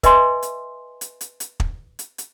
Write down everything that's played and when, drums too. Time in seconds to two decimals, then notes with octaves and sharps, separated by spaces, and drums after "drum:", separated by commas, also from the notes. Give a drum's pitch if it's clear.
0.03 B4 D#5 E5 G#5 C6, drum: kick, hi-hat
0.42 drum: hi-hat
1.01 drum: hi-hat
1.21 drum: hi-hat
1.40 drum: hi-hat
1.60 drum: kick
1.99 drum: hi-hat
2.18 drum: hi-hat